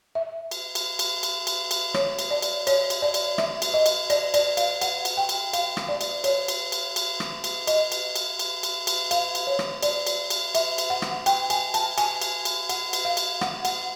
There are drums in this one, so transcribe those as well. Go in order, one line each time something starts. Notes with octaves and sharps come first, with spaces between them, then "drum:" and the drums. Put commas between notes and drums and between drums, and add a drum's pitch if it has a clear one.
E5
drum: cymbal
drum: cymbal
drum: cymbal
drum: cymbal
drum: cymbal
drum: cymbal
C#5, drum: rim click
drum: cymbal
D5
drum: cymbal
C#5, drum: cymbal
drum: cymbal
D5
drum: cymbal
E5, drum: rim click
drum: cymbal
D#5
drum: cymbal
D5, drum: cymbal
D5, drum: cymbal
F5, drum: cymbal
F#5, drum: cymbal
drum: cymbal
G5
drum: cymbal
F5, drum: cymbal
drum: rim click
D5
drum: cymbal
C#5, drum: cymbal
drum: cymbal
drum: cymbal
drum: cymbal
drum: rim click
drum: cymbal
D#5, drum: cymbal
drum: cymbal
drum: cymbal
drum: cymbal
drum: cymbal
drum: cymbal
F5, drum: cymbal
drum: cymbal
C#5
drum: rim click
D5, drum: cymbal
drum: cymbal
drum: cymbal
E5, drum: cymbal
drum: cymbal
F#5
drum: rim click
G5, drum: cymbal
G#5, drum: cymbal
A5, drum: cymbal
G#5, drum: cymbal
drum: cymbal
drum: cymbal
F#5, drum: cymbal
drum: cymbal
F5
drum: cymbal
F#5, drum: rim click
F#5, drum: cymbal